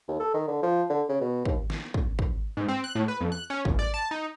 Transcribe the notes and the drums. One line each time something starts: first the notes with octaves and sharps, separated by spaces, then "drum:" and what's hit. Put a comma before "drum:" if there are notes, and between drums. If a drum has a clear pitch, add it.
D#2
A4
D#3
D3
F3
D3
C#3
B2
D#2, drum: kick
drum: snare
drum: kick
drum: kick
G#2
C4
F#6
A2
B4
F2
F#6
C#4
G1, drum: kick
D5
A5
D#4